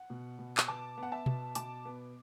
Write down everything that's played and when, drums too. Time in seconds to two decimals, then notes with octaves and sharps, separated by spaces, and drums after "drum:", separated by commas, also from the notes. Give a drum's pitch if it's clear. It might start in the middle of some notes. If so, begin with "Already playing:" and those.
Already playing: F#5
0.10 B2
0.39 B2
0.57 drum: clap
0.68 B3 A5 D6
0.98 B3
1.03 F#5
1.12 E5 A5
1.26 B2, drum: tom B2
1.55 B2 A5 D6, drum: hi-hat
1.85 B3